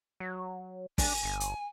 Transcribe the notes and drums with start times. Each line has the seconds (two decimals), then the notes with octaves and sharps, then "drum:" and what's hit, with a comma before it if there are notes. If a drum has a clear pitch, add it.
0.20 F#3
0.98 D4 G#5, drum: kick, open hi-hat
1.23 G1
1.40 drum: hi-hat